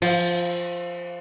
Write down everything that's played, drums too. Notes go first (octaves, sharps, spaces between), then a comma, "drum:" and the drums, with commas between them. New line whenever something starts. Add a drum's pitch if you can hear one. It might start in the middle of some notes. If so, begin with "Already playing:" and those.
F3, drum: cymbal